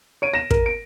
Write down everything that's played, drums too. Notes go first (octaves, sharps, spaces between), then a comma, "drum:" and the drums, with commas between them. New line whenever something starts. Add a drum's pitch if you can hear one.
C#5 D7 D#7
A#6 E7
A#4, drum: kick
D7